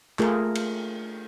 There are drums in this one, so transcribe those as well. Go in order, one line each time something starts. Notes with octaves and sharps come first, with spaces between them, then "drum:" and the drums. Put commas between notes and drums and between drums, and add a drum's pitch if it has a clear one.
A3 F4 G#4 A#4, drum: clap
drum: cymbal